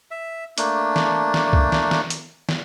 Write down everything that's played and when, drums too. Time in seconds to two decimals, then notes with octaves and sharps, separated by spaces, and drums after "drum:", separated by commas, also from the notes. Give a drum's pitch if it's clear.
0.11 E5
0.58 A3 A#3 D4, drum: hi-hat
0.96 drum: snare
1.34 drum: snare
1.53 drum: kick C2
1.72 drum: snare
1.91 drum: snare
2.10 drum: hi-hat
2.49 drum: snare